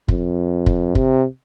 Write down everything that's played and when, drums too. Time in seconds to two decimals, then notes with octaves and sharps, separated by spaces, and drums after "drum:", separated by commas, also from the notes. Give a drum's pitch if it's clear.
0.08 F2, drum: kick
0.66 drum: kick
0.95 C3, drum: kick